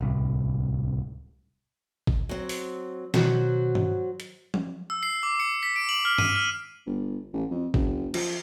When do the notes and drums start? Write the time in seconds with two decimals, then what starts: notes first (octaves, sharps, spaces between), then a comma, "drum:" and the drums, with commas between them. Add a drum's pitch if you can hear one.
0.01 D1 C2
2.07 drum: kick
2.29 F#3 C4
2.49 drum: open hi-hat
3.14 B2 D#3 F#3 F#4 C5, drum: snare
3.75 drum: tom G2
4.20 drum: hi-hat
4.54 drum: tom F3
4.90 E6
5.03 C7
5.23 D6
5.40 C#7
5.63 B6
5.76 D7
5.89 F#7
6.05 F6
6.18 D#7, drum: tom G2
6.36 F6
6.86 G1
7.34 A1
7.51 F2
7.74 F#1, drum: kick
8.14 F3, drum: cymbal